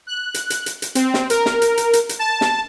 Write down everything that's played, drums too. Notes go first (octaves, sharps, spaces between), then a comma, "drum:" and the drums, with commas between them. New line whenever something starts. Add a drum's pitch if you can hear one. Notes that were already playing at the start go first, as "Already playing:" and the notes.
F#6
drum: hi-hat
drum: hi-hat
drum: hi-hat
drum: hi-hat
C4, drum: hi-hat
drum: snare
A#4, drum: hi-hat
drum: snare
drum: hi-hat
drum: hi-hat
drum: hi-hat
drum: hi-hat
A5
drum: snare